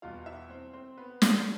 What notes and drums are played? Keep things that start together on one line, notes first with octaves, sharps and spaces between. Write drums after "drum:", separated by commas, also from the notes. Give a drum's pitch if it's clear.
E2 B2 G3 B3 F4 F5
E4 E5
C4 C5
C4 C5
B3 B4
A3 A4, drum: snare